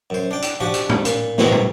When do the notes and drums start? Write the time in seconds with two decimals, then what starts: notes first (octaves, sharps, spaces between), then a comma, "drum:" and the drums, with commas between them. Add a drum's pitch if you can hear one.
0.10 F#2 C5
0.31 D4 G5
0.42 drum: hi-hat
0.60 F3 D4 F#4 G4
0.74 drum: hi-hat
0.89 drum: tom
1.05 A#2, drum: hi-hat
1.38 A2 C3 D#3 E3 C4 F#4, drum: snare
1.52 drum: tom